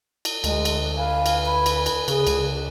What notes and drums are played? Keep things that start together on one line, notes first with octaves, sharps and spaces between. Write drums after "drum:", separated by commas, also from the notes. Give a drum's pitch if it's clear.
drum: cymbal
D2 G#3, drum: cymbal
drum: cymbal
B4 F5 G#5
drum: cymbal
B5
drum: cymbal
drum: cymbal
C#3 G#4, drum: cymbal
C#2, drum: cymbal